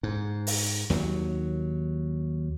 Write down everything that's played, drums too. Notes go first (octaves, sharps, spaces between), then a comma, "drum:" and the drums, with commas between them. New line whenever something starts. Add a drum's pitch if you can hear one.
G#2
drum: open hi-hat
D#2 F#3, drum: snare